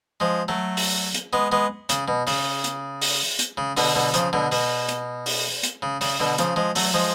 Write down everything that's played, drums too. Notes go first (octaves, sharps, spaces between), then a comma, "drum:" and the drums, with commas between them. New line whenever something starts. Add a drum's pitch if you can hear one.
F3 G#3
F#3 A3
drum: open hi-hat
drum: hi-hat
G#3 B3
G#3 B3
C#3, drum: hi-hat
B2
C#3, drum: open hi-hat
drum: hi-hat
drum: open hi-hat
drum: hi-hat
C#3
B2 D3, drum: open hi-hat
B2 D3
C#3 F3, drum: hi-hat
B2 D3
B2, drum: open hi-hat
drum: hi-hat
drum: open hi-hat
drum: hi-hat
C#3
C#3, drum: open hi-hat
B2 D3
C#3 F3, drum: hi-hat
F3 G#3
F#3 A3, drum: open hi-hat
F3 G#3